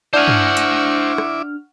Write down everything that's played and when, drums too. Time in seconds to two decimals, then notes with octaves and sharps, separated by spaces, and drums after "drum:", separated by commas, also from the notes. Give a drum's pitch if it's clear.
0.13 D4 E4 C5 F#5 G#5 C#6 D6 F6
0.28 drum: tom
0.57 drum: hi-hat
1.18 drum: rim click